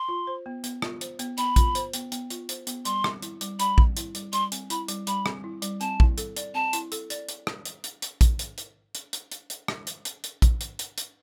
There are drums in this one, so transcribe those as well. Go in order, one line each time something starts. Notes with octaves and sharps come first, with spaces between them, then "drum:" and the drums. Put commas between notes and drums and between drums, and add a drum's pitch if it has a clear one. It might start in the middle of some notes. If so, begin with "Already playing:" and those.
Already playing: C6
F4
C5
B3
B3, drum: hi-hat
F4, drum: rim click
C5, drum: hi-hat
B3, drum: hi-hat
B3 B5, drum: hi-hat
F4, drum: kick A#1, hi-hat
C5, drum: hi-hat
B3, drum: hi-hat
B3, drum: hi-hat
F4, drum: hi-hat
C5, drum: hi-hat
B3, drum: hi-hat
G3 C6, drum: hi-hat
C4, drum: rim click
E4, drum: hi-hat
G3, drum: hi-hat
G3 B5, drum: hi-hat
C4, drum: kick A#1
E4, drum: hi-hat
G3, drum: hi-hat
G3 C6, drum: hi-hat
C4, drum: hi-hat
E4 B5, drum: hi-hat
G3, drum: hi-hat
G3 B5, drum: hi-hat
C4, drum: rim click
E4
G3, drum: hi-hat
C4 A5, drum: hi-hat
E4, drum: kick A#1
A4, drum: hi-hat
D5, drum: hi-hat
C4 A5
E4, drum: hi-hat
A4, drum: hi-hat
D5, drum: hi-hat
drum: hi-hat
drum: rim click
drum: hi-hat
drum: hi-hat
drum: hi-hat
drum: kick A#1, hi-hat
drum: hi-hat
drum: hi-hat
drum: hi-hat
drum: hi-hat
drum: hi-hat
drum: hi-hat
drum: rim click
drum: hi-hat
drum: hi-hat
drum: hi-hat
drum: kick A#1, hi-hat
drum: hi-hat
drum: hi-hat
drum: hi-hat